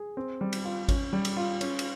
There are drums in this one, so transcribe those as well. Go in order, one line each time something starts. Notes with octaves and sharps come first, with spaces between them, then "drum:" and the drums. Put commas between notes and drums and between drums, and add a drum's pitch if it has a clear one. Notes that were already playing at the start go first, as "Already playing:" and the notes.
Already playing: G#4
C4
G3
drum: cymbal
F4
C#4, drum: kick G#1, cymbal
G3
drum: cymbal
F4
C#4, drum: cymbal
drum: cymbal